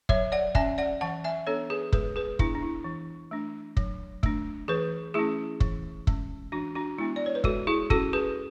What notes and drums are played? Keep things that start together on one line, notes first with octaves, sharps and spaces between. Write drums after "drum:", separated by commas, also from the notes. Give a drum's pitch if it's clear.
F#3 C#5 E5, drum: kick
D5 F#5
C#4 E5 G#5, drum: kick
D5 F#5
E3 F#5 A5
E5 G#5
B3 D4 A4 C#5
G#4 B4
G#3 G#4 B4, drum: kick
G#4 B4
B3 D4 E4, drum: kick
D4
E4
E3
A3 D4
F#3, drum: kick
A3 D4, drum: kick
E3 G#4 B4
A3 C#4 E4 G#4
E3, drum: kick
G#3 C#4, drum: kick
E3 D4 F#4
D4 F#4
G#3 B3 D4 E4
D5
C#5
B4
G#3 F#4 A4, drum: kick
E4 G#4
C#4 F#4 A4, drum: kick
G#4 B4